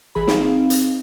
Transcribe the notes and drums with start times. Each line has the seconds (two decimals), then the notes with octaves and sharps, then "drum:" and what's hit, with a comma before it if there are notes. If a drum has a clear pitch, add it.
0.15 A1 E3 G#4 B5
0.27 C4 D#4 G#4 F5, drum: snare
0.70 drum: hi-hat